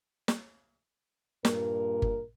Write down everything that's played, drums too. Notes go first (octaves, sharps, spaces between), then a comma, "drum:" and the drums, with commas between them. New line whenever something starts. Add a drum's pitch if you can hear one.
drum: snare
G2 A#2 A#4, drum: snare
drum: kick G1